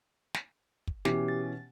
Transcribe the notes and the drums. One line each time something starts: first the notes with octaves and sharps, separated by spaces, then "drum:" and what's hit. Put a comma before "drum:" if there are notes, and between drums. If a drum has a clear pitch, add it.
drum: snare
drum: kick
B2 E3 C#4 G4, drum: snare
A6